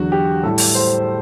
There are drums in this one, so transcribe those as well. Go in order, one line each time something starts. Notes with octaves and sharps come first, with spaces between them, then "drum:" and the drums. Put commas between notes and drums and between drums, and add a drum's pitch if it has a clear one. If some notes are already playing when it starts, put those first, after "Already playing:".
Already playing: E2 D3 F#3 F#4
G4
A2 G3 A4
drum: open hi-hat
C5